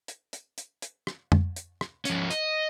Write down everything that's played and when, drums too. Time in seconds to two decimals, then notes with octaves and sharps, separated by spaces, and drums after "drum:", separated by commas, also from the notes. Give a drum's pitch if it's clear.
0.08 drum: hi-hat
0.33 drum: hi-hat
0.58 drum: hi-hat
0.82 drum: hi-hat
1.07 drum: rim click
1.32 drum: tom
1.56 drum: hi-hat
1.81 drum: rim click
2.05 F3 C#4, drum: hi-hat
2.30 D#5, drum: hi-hat